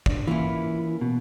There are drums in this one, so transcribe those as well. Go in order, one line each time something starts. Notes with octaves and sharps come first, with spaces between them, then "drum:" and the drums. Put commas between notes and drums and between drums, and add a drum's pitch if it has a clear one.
D4, drum: kick
E3 A#3 C#4 E4 F4
B2